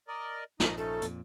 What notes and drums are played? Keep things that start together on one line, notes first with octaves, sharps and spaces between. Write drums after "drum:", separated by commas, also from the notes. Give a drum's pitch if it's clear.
A#4 D5 D#5
A#1 C#3 F3 D#4 D#5 D#6, drum: snare
A3 C#4 D#4 A4
F2 A#2, drum: hi-hat